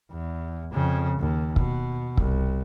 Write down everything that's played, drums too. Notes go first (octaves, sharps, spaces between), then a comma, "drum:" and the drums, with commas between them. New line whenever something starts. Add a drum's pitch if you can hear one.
E2
F2 C#3
D#2
B2, drum: kick
C2, drum: kick